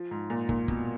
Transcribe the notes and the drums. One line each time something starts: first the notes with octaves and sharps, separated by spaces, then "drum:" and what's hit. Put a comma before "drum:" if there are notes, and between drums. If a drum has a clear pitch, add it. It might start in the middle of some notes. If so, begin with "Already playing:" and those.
Already playing: F3
G#2
A#2
A#2, drum: kick
B2, drum: kick